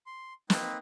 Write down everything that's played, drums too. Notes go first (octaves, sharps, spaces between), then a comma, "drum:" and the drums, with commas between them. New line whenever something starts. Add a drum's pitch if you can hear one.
C6
A#3 C4 D#4 B4, drum: snare